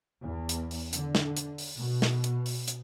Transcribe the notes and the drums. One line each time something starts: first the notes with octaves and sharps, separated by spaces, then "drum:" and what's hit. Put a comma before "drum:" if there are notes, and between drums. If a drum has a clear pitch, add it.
E2
drum: hi-hat
drum: open hi-hat
D3, drum: hi-hat
drum: snare
drum: hi-hat
drum: open hi-hat
B2
drum: snare
drum: hi-hat
drum: open hi-hat
drum: hi-hat